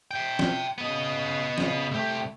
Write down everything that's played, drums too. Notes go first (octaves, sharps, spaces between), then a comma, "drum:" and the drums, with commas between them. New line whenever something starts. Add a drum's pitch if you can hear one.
E5 G5
drum: snare
C#3 B3 D#5
C#3, drum: snare
C2 A3 G4